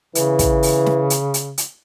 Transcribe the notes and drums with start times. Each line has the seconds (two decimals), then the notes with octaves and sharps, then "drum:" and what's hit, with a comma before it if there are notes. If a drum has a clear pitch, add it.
0.15 C#3 E3, drum: hi-hat
0.39 drum: kick, hi-hat
0.63 drum: open hi-hat
0.86 drum: snare
1.10 drum: hi-hat
1.34 drum: hi-hat
1.58 drum: hi-hat